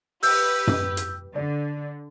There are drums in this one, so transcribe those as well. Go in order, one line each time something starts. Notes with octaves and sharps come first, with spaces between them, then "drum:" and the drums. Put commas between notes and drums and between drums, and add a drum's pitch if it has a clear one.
G4 B4 E6 G6, drum: open hi-hat
drum: tom F#2
drum: hi-hat
D3 D5